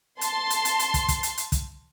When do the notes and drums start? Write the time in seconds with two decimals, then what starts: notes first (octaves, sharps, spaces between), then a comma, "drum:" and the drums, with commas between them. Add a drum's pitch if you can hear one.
0.21 A5 C6, drum: hi-hat
0.50 drum: hi-hat
0.65 drum: hi-hat
0.79 drum: hi-hat
0.94 drum: kick, hi-hat
1.08 drum: kick, hi-hat
1.23 drum: hi-hat
1.38 drum: hi-hat
1.52 drum: kick, hi-hat